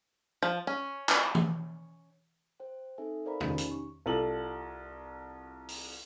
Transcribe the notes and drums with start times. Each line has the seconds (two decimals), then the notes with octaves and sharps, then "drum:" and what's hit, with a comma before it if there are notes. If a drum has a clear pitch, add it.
0.43 F3
0.67 C#4
1.09 drum: clap
1.35 drum: tom E3
2.60 C5 G5
2.98 C4 D#4 A4 E5 G#5
3.25 A#4 C5 D5 F5 A#5 B5
3.40 B3 C#4 D#4 G4 G#5, drum: tom
3.58 drum: hi-hat
3.71 C#6
4.06 C2 F4 A4 F#7
5.68 drum: open hi-hat